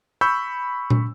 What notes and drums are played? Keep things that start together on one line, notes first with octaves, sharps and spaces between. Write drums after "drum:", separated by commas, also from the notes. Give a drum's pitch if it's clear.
B5 C#6 E6 G6
drum: tom A#2